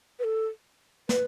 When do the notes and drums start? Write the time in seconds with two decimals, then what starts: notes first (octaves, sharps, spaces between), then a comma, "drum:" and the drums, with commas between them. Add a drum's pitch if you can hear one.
0.19 B4
0.24 A4
1.09 B4, drum: snare